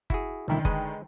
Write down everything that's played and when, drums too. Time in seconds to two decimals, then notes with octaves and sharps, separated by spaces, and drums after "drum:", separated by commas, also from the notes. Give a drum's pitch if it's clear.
0.10 E4 F#4 G#4, drum: kick F#1
0.48 C2 A#2 D3 D#3 E4
0.65 G#3 B4 D#5, drum: kick F#1